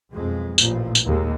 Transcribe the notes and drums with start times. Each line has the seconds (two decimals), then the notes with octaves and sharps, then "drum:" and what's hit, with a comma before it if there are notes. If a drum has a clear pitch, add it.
0.11 B1 F2 G#3
0.58 A1 A#2 F3, drum: tambourine
0.95 drum: tambourine
1.06 D#2 G#3